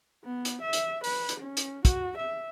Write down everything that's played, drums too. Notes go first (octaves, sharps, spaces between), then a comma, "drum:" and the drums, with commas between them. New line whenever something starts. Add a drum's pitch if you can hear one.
B3
drum: hi-hat
E5
drum: hi-hat
B4, drum: open hi-hat
drum: hi-hat
C#4
drum: hi-hat
F#4, drum: kick, hi-hat
E5